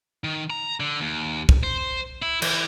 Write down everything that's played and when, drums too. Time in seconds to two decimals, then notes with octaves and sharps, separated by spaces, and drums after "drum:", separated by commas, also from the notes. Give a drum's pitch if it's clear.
0.24 D#3
0.50 A#5
0.80 D3
1.01 D#2
1.49 drum: kick
1.63 C5
2.22 E4
2.42 E3, drum: cymbal